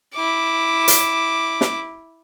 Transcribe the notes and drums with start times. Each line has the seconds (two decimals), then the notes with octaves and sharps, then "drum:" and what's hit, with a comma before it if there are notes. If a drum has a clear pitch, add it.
0.15 E4 D6
0.88 drum: hi-hat
1.61 drum: snare